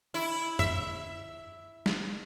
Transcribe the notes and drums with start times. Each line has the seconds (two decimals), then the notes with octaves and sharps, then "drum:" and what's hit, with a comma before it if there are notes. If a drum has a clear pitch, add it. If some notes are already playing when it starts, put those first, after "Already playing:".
0.14 E4
0.59 E5, drum: tom F#2
1.86 drum: snare